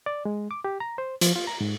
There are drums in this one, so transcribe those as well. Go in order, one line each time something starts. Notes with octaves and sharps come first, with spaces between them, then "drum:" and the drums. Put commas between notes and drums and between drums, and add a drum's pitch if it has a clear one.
D5
G#3
D6
G4
A#5
C5
F3, drum: hi-hat
F4
A#5
G#2